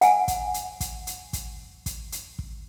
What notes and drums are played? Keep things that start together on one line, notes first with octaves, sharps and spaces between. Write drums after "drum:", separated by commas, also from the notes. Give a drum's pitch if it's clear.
F#5 G#5, drum: hi-hat
drum: kick, hi-hat
drum: hi-hat
drum: kick, hi-hat
drum: hi-hat
drum: kick, hi-hat
drum: kick, hi-hat
drum: hi-hat
drum: kick